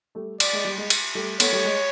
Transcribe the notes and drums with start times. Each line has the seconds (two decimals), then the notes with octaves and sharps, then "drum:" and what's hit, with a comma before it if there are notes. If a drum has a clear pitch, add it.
0.15 G3 A3
0.40 D5, drum: cymbal
0.53 G#3
0.65 G3
0.78 G#3
0.90 drum: cymbal
1.15 G3 A3
1.40 A3 B3 C#5, drum: cymbal
1.53 G3 A3
1.65 G#3